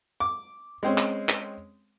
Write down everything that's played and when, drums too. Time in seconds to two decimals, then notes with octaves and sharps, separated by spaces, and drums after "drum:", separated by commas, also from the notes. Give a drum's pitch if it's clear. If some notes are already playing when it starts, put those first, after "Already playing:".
0.20 D6
0.83 G#3 C4 C#4
0.98 drum: clap
1.29 drum: clap